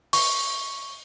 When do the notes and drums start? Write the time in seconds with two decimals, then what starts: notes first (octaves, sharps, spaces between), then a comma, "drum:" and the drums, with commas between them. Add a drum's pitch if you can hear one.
0.13 C#6, drum: open hi-hat